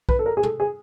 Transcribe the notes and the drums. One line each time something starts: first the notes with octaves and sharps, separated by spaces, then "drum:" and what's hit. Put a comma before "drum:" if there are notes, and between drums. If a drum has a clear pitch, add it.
B4, drum: kick B1
A4
A#4
G#4
A4, drum: tom
G#4